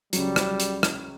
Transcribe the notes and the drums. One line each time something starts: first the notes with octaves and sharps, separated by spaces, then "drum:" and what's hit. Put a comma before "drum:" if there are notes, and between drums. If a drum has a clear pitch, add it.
C#2 F#3 G3, drum: hi-hat
drum: rim click
drum: hi-hat
drum: rim click